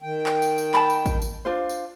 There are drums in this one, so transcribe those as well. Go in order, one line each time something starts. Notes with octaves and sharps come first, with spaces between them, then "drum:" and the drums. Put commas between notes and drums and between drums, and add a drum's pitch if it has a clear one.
D#3 G5
drum: clap
drum: tambourine
drum: tambourine
A5 B5, drum: clap
drum: tambourine
drum: kick, tambourine
drum: tambourine
D4 F4 C5
drum: tambourine